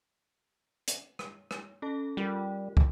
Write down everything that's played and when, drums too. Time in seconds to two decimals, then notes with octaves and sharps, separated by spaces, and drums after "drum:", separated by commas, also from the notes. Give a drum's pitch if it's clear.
0.88 drum: hi-hat
1.19 drum: rim click
1.51 drum: rim click
1.82 C#4 A4 A5
2.17 G3 F4 A#4
2.77 drum: kick